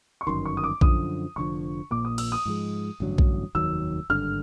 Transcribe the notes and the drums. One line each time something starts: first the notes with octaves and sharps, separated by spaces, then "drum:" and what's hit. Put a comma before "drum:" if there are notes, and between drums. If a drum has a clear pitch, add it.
C#6
G1 F#2 D#3 C6
C#6
D#6
D6
F#2 D3 F3 D#6, drum: kick A#1
F1 D#2 D3 F3 C#6
A#1 A#2 F3 A#3 D6
D#6
E6, drum: cymbal
D#6
G#2 F3 G#3
A1 G2 D3 F#3
drum: kick A#1
F1 D#2 D#3 F#3 E6
G#1 G2 D3 F6